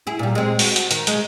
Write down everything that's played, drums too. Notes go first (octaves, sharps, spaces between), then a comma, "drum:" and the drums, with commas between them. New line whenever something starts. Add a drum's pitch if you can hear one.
E4 G#4
A#2 G3
G#3 C4
F#4, drum: open hi-hat
drum: hi-hat
D#3, drum: hi-hat
G#3, drum: hi-hat